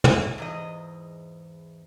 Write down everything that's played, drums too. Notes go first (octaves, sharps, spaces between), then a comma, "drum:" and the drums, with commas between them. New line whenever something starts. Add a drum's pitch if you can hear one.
F2 G#3 E4 C#5 G#5, drum: tom
E2 G#2 D#5